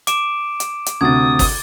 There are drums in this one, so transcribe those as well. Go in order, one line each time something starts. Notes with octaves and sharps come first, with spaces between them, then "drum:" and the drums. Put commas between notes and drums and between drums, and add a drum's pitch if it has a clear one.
D6 D7 E7, drum: hi-hat
drum: hi-hat
drum: hi-hat
D2 C3 D#6 G#6 A6
drum: kick, open hi-hat